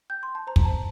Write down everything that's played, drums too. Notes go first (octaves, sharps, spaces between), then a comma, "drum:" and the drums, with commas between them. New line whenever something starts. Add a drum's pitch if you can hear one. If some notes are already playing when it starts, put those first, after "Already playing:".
G5 G6
C6
G5
A5
C5 A#5
drum: kick
C5 A5